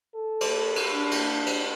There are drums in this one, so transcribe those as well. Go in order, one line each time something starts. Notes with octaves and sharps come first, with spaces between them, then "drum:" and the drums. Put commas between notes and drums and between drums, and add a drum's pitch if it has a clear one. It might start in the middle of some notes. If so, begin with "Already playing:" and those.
A4
drum: cymbal
drum: cymbal
D4
drum: cymbal
drum: cymbal